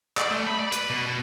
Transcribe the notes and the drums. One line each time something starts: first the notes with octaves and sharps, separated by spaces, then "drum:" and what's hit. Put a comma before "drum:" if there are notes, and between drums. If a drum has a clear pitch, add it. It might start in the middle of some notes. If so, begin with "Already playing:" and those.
D5, drum: clap
A3
B5
D5
B4, drum: hi-hat
B2
B2